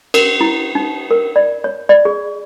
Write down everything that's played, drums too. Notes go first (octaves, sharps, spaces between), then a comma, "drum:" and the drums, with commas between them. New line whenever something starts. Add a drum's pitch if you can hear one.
A#4, drum: cymbal
E4
D#4
A#4
D5
C#5
D5
G#4